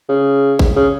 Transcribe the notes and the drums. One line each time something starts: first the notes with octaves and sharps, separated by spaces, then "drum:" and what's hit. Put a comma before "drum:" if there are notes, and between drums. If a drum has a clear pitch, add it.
C#3
drum: kick
C#3